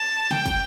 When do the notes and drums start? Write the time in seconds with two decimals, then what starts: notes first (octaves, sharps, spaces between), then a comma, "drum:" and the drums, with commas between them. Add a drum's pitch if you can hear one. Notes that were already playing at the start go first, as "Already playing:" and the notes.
Already playing: A5
0.31 G5, drum: snare
0.46 drum: kick, hi-hat